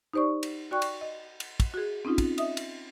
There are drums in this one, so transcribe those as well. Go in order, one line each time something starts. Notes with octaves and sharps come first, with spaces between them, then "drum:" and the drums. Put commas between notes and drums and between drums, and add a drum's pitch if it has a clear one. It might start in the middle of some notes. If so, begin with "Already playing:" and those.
D#4 G4 C5 D5 C#6
drum: cymbal
F#4 D5 G5 C#6 F#6
drum: cymbal
D#5
drum: cymbal
drum: kick, cymbal
F#4 G#4
C4 C#4 D#4 F4
drum: kick, cymbal
D#5 E5 D#6, drum: cymbal
drum: cymbal